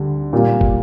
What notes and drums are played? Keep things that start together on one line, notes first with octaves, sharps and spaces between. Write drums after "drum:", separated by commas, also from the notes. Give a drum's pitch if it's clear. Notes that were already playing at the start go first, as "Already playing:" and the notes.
Already playing: D2 D3 G3
A#2 G3 A#3
drum: kick